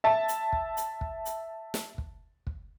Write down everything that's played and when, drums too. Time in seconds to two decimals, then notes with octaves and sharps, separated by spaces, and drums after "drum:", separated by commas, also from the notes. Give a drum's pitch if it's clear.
0.04 E5 A5
0.28 drum: hi-hat
0.53 drum: kick
0.77 drum: hi-hat
1.01 drum: kick
1.25 drum: hi-hat
1.74 drum: snare
1.98 drum: kick
2.47 drum: kick